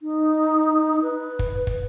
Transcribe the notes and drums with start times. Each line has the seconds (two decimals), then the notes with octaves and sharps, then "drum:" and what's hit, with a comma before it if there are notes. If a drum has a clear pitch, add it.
0.01 D#4
1.02 B4
1.39 drum: kick
1.67 drum: kick